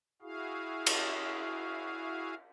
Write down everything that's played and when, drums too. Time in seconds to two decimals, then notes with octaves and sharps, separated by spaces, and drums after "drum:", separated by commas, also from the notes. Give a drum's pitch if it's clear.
0.22 E4 F#4 G#4 F5
0.86 drum: cymbal